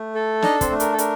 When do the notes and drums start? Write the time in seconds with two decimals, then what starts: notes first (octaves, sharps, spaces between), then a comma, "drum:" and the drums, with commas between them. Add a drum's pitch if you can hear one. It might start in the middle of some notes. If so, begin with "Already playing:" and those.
Already playing: A3
0.15 A4
0.42 D4 D#4 D#5, drum: snare
0.61 C4 C5, drum: kick, hi-hat
0.70 A3
0.80 A#4, drum: hi-hat
0.92 A4
0.98 D4 A#4, drum: hi-hat